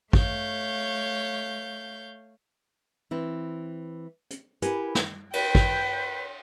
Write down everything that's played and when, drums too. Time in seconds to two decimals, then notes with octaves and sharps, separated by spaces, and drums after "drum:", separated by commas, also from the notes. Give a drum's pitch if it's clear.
0.13 A3 C#5 F5 G6, drum: kick
3.11 E3 C4 E4
4.30 drum: hi-hat
4.62 E4 G4 A#4 B4 F#5 G#5, drum: hi-hat
4.95 drum: snare
5.33 B4 G5, drum: cymbal
5.55 drum: kick